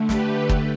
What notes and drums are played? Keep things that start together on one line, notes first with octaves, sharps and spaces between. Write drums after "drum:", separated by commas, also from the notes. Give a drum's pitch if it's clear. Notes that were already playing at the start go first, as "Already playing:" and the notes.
Already playing: D3 A3
G4 B4, drum: snare
drum: kick